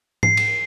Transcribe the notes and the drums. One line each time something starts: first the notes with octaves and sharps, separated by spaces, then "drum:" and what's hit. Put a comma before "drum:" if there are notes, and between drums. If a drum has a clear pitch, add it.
C7, drum: tom G#2
drum: cymbal